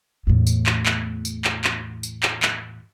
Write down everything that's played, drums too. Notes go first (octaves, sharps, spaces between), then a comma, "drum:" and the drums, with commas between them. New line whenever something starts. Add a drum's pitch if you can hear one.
E2 A2
drum: tambourine
drum: clap
drum: clap
drum: tambourine
drum: clap
drum: clap
drum: tambourine
drum: clap
drum: clap